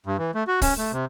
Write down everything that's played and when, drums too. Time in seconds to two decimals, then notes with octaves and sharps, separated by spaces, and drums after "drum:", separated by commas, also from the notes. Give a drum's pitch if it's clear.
0.06 G2
0.18 E3
0.35 A3
0.47 F#4
0.62 C#4, drum: kick, open hi-hat
0.78 A3
0.92 C3